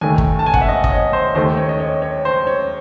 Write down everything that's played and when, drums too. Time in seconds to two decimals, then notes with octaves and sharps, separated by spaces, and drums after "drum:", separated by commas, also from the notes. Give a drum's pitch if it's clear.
0.01 D#2 D#3 A3 G#5
0.18 drum: kick
0.39 A5
0.46 G#5
0.54 F#5, drum: kick
0.61 E5
0.69 D#5
0.84 D#5, drum: kick
0.91 C#5
1.13 C5
1.35 D#2 D#3 A3 C5
1.57 C#5
1.69 D#5
1.80 C#5
2.02 C#5
2.25 C5
2.47 C#5